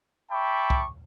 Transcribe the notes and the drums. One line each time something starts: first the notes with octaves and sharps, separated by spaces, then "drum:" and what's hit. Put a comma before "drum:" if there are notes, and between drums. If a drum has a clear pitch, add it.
E5 G5 A5 B5 C#6 D6
drum: kick C2